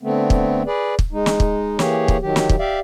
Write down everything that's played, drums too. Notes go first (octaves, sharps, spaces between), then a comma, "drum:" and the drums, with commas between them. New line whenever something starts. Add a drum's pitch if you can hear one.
D3 A3 B3 C4
drum: kick
G#4 B4 D5
drum: kick
G#3 D#4
drum: snare
drum: kick
E3 A#3 G4 G#4 C#5, drum: snare
drum: kick
D#3 F#3 G4
drum: snare
drum: kick
G4 D5 E5 F5